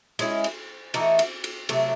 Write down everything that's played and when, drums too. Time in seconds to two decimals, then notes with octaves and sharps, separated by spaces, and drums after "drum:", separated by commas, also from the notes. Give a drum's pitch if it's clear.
0.19 G#3 C#4 E4, drum: cymbal
0.44 drum: cymbal
0.94 E3 A3 D#4 F#4, drum: cymbal
1.19 drum: cymbal
1.44 drum: cymbal
1.69 C3 F#3 A3, drum: cymbal